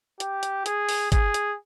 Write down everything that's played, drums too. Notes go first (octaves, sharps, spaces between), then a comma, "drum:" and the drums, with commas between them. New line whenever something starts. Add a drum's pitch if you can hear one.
G4, drum: hi-hat
drum: hi-hat
G#4, drum: hi-hat
drum: open hi-hat
G#4, drum: kick, hi-hat
drum: hi-hat